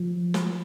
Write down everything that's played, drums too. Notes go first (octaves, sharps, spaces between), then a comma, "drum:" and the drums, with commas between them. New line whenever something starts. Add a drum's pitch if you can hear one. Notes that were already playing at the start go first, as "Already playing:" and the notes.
Already playing: F3
drum: snare